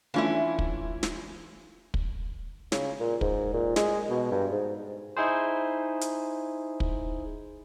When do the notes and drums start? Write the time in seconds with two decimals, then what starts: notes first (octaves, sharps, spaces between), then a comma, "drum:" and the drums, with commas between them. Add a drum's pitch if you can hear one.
0.14 E3 A3 C#4 D4 E4 F4
0.59 drum: kick
1.03 drum: snare
1.94 drum: kick
2.72 C#3, drum: snare
3.00 A#2
3.21 G#2, drum: kick
3.54 A#2
3.76 G#3, drum: snare
4.10 B2
4.31 G2
4.52 G#2
5.17 D#4 E4 G#4 C5
6.01 drum: hi-hat
6.80 drum: kick